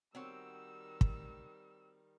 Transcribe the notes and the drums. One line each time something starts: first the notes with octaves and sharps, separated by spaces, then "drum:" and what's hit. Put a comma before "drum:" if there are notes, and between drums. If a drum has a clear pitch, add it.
D#3 G3 C4 F#4 C#5 E6
drum: kick